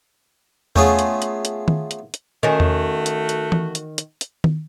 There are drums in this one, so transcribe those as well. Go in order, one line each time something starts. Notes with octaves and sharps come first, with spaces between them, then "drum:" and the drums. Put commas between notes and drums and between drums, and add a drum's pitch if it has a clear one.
A3 B3 C#4 F4 G#4, drum: tom E2
drum: hi-hat
drum: hi-hat
drum: hi-hat
drum: tom D#3
drum: hi-hat
drum: hi-hat
D#3 A3 C#4 F#4
drum: tom E2
drum: hi-hat
drum: hi-hat
drum: tom E3
drum: hi-hat
drum: hi-hat
drum: hi-hat
drum: tom D#3